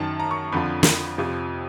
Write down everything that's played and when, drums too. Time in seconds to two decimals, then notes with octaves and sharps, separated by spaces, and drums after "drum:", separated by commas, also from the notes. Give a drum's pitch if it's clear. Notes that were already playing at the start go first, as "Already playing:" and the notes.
Already playing: F#2 D#3 A5
0.20 A#5
0.31 C#6
0.52 F2 D3 F3 B5
0.83 drum: snare
1.18 F2 C3 F3